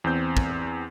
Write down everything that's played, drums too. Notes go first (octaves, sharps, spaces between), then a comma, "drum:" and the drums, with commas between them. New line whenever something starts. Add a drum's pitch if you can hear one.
E2 C4 G6
drum: kick